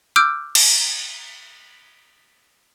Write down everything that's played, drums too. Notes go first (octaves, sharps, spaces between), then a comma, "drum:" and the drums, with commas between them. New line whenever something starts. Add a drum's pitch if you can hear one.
D6 E6 F6 G6 D7
drum: cymbal